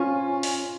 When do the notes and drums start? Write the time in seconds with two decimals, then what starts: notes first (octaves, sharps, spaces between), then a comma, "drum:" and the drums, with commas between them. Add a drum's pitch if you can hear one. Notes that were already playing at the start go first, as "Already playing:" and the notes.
Already playing: C#4 F4
0.43 drum: open hi-hat